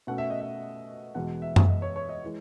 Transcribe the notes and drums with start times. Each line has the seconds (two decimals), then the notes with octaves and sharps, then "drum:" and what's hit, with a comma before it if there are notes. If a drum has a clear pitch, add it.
0.07 B2 A3 C#4 F#5
0.18 E5
0.30 D#5
0.41 E5
1.15 E2 B2 G#3 B3 F#5
1.42 E5
1.56 drum: tom F#2
1.69 D#5
1.82 C#5
1.96 C#5
2.09 D#5
2.25 E3 G#3